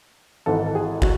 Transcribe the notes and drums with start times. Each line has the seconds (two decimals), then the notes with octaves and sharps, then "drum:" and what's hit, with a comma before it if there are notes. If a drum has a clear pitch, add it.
0.46 G#1 G#2 E3 A4
0.66 A4
0.75 G#4
1.02 F#4, drum: kick